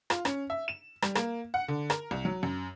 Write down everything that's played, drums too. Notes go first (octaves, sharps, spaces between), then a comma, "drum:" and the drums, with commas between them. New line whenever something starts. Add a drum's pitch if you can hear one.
F4, drum: rim click
C#4, drum: rim click
E5
E7
G3, drum: rim click
A#3, drum: rim click
F#5
D3
A#4, drum: rim click
C2
F#3
F#2